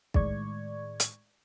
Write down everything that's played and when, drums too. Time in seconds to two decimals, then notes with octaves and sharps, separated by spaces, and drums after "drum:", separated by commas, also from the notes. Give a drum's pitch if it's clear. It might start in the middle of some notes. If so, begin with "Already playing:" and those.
0.14 A2 D#3 G#3 D5 C#6 G#6, drum: kick
1.00 drum: hi-hat